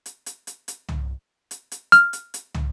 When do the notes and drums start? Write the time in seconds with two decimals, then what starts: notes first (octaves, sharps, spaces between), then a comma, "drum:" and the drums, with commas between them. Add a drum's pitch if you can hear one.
0.06 drum: hi-hat
0.26 drum: hi-hat
0.47 drum: hi-hat
0.68 drum: hi-hat
0.89 drum: tom
1.51 drum: hi-hat
1.72 drum: hi-hat
1.92 F6, drum: hi-hat
2.13 drum: hi-hat
2.34 drum: hi-hat
2.54 drum: tom